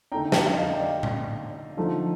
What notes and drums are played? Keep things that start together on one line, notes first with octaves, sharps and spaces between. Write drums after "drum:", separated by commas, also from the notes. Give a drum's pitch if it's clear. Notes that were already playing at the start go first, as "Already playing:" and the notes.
D3 A3 D#4 G5 A#5
F5 A5, drum: snare
F5
D#5 G5
D5 F5
drum: tom A2
D3 F3 A3 D#4